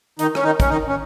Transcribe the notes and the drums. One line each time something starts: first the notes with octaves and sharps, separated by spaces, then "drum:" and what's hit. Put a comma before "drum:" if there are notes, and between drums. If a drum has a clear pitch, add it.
D#3 D#4, drum: hi-hat
C#4, drum: rim click
D#3 D#4
C#4, drum: kick, hi-hat
D#3 D#4
C#4